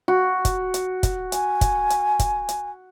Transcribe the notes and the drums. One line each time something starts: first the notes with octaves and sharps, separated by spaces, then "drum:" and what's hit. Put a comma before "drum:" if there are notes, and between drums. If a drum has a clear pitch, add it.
F#4
drum: kick, hi-hat
drum: hi-hat
drum: kick, hi-hat
G#5, drum: hi-hat
drum: kick, hi-hat
drum: hi-hat
drum: kick, hi-hat
drum: hi-hat